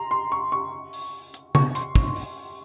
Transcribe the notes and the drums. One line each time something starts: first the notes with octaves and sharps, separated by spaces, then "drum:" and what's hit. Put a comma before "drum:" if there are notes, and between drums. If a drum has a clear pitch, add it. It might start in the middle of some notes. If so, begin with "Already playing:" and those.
Already playing: A#5 C6
C6
C#6
C#6
drum: open hi-hat
drum: hi-hat
C#6, drum: tom C#3
C6, drum: hi-hat
drum: kick
drum: open hi-hat